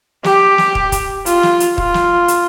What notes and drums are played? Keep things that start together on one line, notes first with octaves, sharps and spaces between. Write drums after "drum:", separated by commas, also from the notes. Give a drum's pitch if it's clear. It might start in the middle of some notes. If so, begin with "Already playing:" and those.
G4, drum: snare
drum: snare
drum: kick
drum: kick, hi-hat
F4, drum: hi-hat
drum: snare
drum: hi-hat
F4, drum: kick
drum: snare
drum: hi-hat